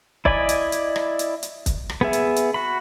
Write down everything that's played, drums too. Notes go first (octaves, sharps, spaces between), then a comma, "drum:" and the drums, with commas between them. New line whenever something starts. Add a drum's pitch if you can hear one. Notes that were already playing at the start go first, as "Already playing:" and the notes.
E4 D5 D#5 G#5 B5, drum: kick
drum: hi-hat
drum: hi-hat
drum: rim click
drum: hi-hat
drum: hi-hat
drum: kick, hi-hat
drum: rim click
B3 G#4 E5
drum: hi-hat
drum: hi-hat
F#4 B5